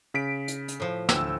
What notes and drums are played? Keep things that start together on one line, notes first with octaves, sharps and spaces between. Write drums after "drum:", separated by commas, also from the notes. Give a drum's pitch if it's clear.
C#3 B6 D7
drum: hi-hat
drum: hi-hat
A2 F3
D2 G5 E6, drum: snare